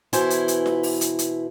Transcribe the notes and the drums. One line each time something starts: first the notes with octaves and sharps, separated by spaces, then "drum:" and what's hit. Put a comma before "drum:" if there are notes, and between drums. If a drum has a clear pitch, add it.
B2 E3 E4 C5 G#5, drum: hi-hat
drum: hi-hat
drum: hi-hat
drum: snare F4
drum: open hi-hat
drum: hi-hat
drum: hi-hat